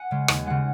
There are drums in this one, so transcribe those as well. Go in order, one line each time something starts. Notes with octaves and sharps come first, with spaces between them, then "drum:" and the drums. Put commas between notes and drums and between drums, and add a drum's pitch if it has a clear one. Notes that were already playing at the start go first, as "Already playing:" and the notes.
Already playing: F#5 G#5
C#3 G#3
D#2 G#5, drum: rim click
C#3 G#3 F#5